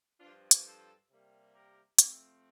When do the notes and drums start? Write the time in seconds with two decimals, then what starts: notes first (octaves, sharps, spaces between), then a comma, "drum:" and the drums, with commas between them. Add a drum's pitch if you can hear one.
0.20 G2 F3 C4 D4 F4
0.51 drum: hi-hat
0.64 A4 C5
1.10 C3 G3 A#3
1.54 G4 A#4
1.99 C3 F3 A3 C4, drum: hi-hat